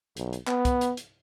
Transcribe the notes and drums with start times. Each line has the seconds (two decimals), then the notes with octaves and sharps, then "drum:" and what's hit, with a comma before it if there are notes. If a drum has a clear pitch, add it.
0.17 B1, drum: hi-hat
0.33 drum: hi-hat
0.47 B3, drum: clap
0.65 drum: kick, hi-hat
0.81 drum: hi-hat
0.97 drum: hi-hat